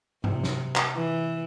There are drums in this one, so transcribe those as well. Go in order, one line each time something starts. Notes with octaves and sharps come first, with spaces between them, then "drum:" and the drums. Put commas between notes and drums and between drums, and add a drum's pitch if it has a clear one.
C3, drum: tom G#2
drum: snare
drum: clap
E3